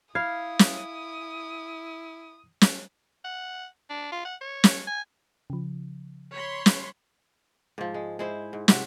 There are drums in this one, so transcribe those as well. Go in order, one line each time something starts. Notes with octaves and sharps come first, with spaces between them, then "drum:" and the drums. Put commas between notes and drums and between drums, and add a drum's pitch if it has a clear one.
E4 F5 B5 D#6 G#6
drum: snare
drum: snare
F#5
D4
F4
F#5
C#5
drum: snare
G#5
C#3 F3
C#5 B5 C6
drum: snare
G#2 F3
G#3
G#3 E4 C5
G#2
G#2 C3 F#4 E5, drum: snare